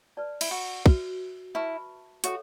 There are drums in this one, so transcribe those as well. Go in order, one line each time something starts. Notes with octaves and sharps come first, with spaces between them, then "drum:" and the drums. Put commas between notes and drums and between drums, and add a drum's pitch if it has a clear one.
B4 D5 A5
E4, drum: cymbal
F#4
F#4 B4 E5, drum: kick
E4 B4 E5 A5 C#6
F#4 A4 C#5 E5, drum: hi-hat